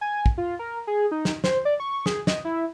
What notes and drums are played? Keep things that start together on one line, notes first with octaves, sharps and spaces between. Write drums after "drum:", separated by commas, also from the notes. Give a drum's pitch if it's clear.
G#5
drum: kick
F4
A#4
G#4
D#4
drum: snare
C5, drum: snare
D5
C#6
G#4, drum: snare
D#5, drum: snare
E4